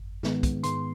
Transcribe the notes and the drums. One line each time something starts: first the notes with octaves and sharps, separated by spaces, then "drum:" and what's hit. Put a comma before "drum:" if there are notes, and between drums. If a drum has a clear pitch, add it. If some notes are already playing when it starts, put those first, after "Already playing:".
Already playing: G1 F2
G#2 D#3 G#3 B3, drum: snare
drum: kick, hi-hat
G#2 D#3 G#3 B3 C6, drum: hi-hat